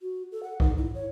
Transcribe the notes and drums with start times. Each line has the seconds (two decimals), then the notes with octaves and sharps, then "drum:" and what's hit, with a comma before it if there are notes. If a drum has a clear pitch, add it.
0.02 F#4
0.32 A4
0.43 F#5
0.60 D#4, drum: kick
0.77 E4
0.95 C#5